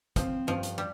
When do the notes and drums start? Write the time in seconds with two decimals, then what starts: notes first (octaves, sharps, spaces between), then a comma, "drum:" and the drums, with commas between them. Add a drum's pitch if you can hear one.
0.16 F3 C4, drum: kick, hi-hat
0.47 G2 F3
0.63 drum: hi-hat
0.78 G3